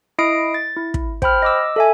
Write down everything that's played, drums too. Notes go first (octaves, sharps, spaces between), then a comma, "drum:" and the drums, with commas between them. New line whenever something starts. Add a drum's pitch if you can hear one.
E4 D#5 D#6 C7 D7
A6
E4
drum: kick
C5 G5 B5 F6, drum: kick
D#5 D6 E6
A4 E5 G#5